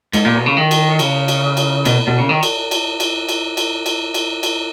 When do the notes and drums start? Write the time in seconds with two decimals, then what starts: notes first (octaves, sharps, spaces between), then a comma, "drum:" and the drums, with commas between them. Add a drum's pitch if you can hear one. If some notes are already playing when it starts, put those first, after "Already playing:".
0.13 G#2, drum: cymbal
0.25 A#2
0.36 B2
0.46 C#3
0.57 D#3
0.71 drum: cymbal
0.99 C#3, drum: cymbal
1.28 drum: cymbal
1.57 drum: cymbal
1.85 B2, drum: cymbal
2.07 B2
2.18 C#3
2.29 D#3
2.43 drum: cymbal
2.71 drum: cymbal
3.00 drum: cymbal
3.29 drum: cymbal
3.57 drum: cymbal
3.86 drum: cymbal
4.14 drum: cymbal
4.43 drum: cymbal